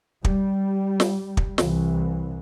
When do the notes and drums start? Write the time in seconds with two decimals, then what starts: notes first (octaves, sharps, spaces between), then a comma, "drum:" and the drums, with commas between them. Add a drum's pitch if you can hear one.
0.25 G3, drum: kick
1.00 drum: snare
1.37 drum: kick
1.58 C2 E3, drum: snare